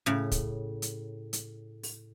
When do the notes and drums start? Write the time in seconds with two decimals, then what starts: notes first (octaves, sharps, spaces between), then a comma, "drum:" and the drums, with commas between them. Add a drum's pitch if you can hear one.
0.06 A2 C#3
0.32 drum: kick, hi-hat
0.82 drum: hi-hat
1.33 drum: hi-hat
1.83 drum: open hi-hat